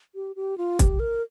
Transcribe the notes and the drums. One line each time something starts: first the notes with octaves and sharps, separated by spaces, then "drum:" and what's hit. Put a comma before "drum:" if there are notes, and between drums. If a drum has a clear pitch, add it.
G4
G4
F4
G4, drum: kick, hi-hat
A#4